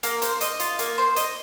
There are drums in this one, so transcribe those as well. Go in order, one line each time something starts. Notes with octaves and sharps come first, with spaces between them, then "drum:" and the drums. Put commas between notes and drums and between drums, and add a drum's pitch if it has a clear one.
A#3, drum: hi-hat
C5, drum: hi-hat
D#5, drum: hi-hat
F4, drum: hi-hat
A#3, drum: hi-hat
C5
D#5, drum: hi-hat